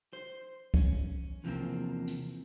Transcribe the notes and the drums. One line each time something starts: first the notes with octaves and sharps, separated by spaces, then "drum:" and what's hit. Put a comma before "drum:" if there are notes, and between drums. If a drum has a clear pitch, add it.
C5
C#4, drum: kick C2
E2 C3 E3 F3 A#3 C4
drum: hi-hat